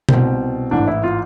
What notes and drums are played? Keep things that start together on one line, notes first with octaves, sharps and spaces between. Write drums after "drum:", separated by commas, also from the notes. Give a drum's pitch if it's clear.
C2 B2 C4, drum: tom B2
A1 G#2 E3 D4
E4
F4